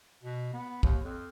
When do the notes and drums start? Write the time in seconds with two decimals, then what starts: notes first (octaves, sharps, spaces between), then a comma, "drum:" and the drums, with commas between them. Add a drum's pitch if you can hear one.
0.23 B2
0.53 B3
0.83 D#2, drum: kick
1.04 F2